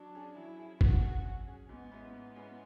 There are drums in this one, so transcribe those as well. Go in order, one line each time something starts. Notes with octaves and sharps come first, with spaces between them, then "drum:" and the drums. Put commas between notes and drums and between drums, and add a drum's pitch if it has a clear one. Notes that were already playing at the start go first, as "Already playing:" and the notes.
Already playing: F#3 D4
C#4 G#4
F#3 E4
C#4 G#4
F#3 F#4, drum: kick G1
C#4 G#4
F#3
C#4 G#4
G#2 B3
G#3 C#4 E4 B4
G#2 B3
G#3 C#4 E4 B4